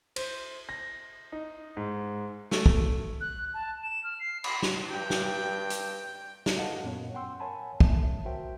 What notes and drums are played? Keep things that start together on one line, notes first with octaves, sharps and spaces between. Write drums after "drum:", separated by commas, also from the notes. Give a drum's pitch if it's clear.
C5, drum: cymbal
A#6
D#4
G#2
A3, drum: snare
drum: kick
F#6
A5
E7
F6
C7
B5, drum: cymbal
drum: snare
G2 G5
drum: snare
drum: hi-hat
drum: snare
A4 B4 D#5 F5 F#5 A5
F#2 A#2 B3 C#5
F#5 G5 C6 E6
A#4 C#5 F#5 G#5 A5 B5
C#5 E5 A5, drum: kick
F#4 A#4 C5 E5 G5